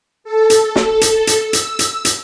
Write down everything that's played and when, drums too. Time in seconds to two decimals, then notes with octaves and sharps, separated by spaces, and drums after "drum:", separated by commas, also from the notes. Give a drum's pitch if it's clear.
0.24 A4
0.50 drum: hi-hat
0.76 drum: snare
1.01 drum: hi-hat
1.27 drum: hi-hat
1.42 E6
1.53 drum: hi-hat
1.79 drum: hi-hat
2.05 drum: hi-hat